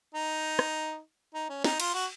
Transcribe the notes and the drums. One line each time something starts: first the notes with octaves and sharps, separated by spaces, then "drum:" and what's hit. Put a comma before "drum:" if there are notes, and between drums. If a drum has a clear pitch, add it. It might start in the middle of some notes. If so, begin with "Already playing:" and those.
D#4
drum: rim click
D#4
C#4
D#4, drum: snare
F4, drum: cymbal
F#4